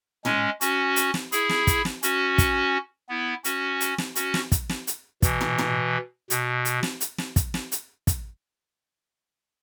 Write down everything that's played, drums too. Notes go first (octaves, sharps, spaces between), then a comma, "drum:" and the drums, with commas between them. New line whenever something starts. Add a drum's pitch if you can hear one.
G#3 C#4, drum: tom
C#4 F#4, drum: hi-hat
drum: hi-hat
drum: snare
E4 G#4, drum: hi-hat
drum: snare
drum: kick, hi-hat
drum: snare
C#4 F#4, drum: hi-hat
drum: kick, hi-hat
B3 E4
C#4 F#4, drum: hi-hat
drum: hi-hat
drum: snare
C#4 F#4, drum: hi-hat
drum: snare
drum: kick, hi-hat
drum: snare
drum: hi-hat
B2 E3, drum: kick, hi-hat
drum: tom
drum: tom
B2, drum: hi-hat
drum: hi-hat
drum: snare
drum: hi-hat
drum: snare
drum: kick, hi-hat
drum: snare
drum: hi-hat
drum: kick, hi-hat